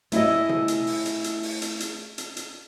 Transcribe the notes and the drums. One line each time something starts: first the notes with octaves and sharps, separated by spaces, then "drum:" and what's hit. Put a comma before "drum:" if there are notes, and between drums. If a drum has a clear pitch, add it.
A3 E4 G#4 D#5, drum: hi-hat
drum: tom
drum: hi-hat
drum: open hi-hat
drum: hi-hat
drum: hi-hat
drum: open hi-hat
drum: hi-hat
drum: hi-hat
drum: hi-hat
drum: hi-hat